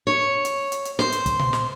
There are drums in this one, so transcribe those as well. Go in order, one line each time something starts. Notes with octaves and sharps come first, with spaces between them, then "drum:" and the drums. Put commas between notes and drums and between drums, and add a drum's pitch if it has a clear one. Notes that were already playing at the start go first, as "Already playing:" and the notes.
C#5
drum: hi-hat
drum: hi-hat
drum: hi-hat
C5, drum: snare
drum: hi-hat
drum: kick, hi-hat
drum: tom A#2
drum: snare